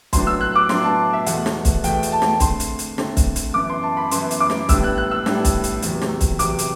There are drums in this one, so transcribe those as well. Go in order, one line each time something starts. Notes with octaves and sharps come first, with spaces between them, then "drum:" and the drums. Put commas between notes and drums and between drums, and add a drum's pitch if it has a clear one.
A2 F#3 B3 D4 C6, drum: kick, hi-hat
E6
F#6
D6
A2 F#3 B3 D4 C6, drum: snare
A5
E5
E2 B2 A3 F#5, drum: hi-hat
drum: snare
drum: kick, hi-hat
E2 B2 A3 G5, drum: hi-hat
drum: hi-hat
A5
drum: snare
D3 A3 C4 C6, drum: kick, hi-hat
drum: hi-hat
drum: hi-hat
D3 A3 C4, drum: snare
drum: kick, hi-hat
drum: hi-hat
F#2 E3 B3 D6
C6
A5
B5
F#2 E3 B3 C6, drum: hi-hat
drum: hi-hat
D6
drum: snare
A2 G3 B3 D4 E6, drum: kick, hi-hat
F#6
F#6
E6
A2 G3 B3 D4, drum: snare
drum: kick, hi-hat
drum: hi-hat
E2 C3 F#3, drum: hi-hat
drum: snare
drum: kick, hi-hat
E2 C3 F#3 D6, drum: hi-hat
drum: hi-hat